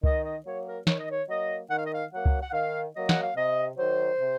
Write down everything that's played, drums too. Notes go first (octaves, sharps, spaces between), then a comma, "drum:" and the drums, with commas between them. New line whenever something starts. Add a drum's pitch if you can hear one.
D#3 D#5, drum: kick C#2
D#5
F#3 A#3 C#5
A#4
D#3 C#5, drum: snare
D#5
C#5
F#3 A#3 D#5
D#3 F#5
F5
D#5
F5
F#3 A#3 F#5
drum: kick C#2
F#5
D#3 F5
F#3 A#3 D#5
F#5, drum: snare
F5
C3 D#5
D#3 F#3 C5
C3